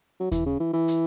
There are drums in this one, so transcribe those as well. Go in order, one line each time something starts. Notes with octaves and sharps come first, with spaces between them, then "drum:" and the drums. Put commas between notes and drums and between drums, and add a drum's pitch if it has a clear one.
F#3
E3, drum: kick D#2, hi-hat
C#3
E3
E3
drum: hi-hat